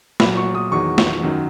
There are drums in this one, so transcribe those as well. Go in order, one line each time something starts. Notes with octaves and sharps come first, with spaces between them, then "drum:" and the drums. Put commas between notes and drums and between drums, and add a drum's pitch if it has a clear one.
A#2 F#3 B5, drum: snare
C#6
D#6
E2 D#3 F#3 C#6
drum: snare
F#2 D#3 F#3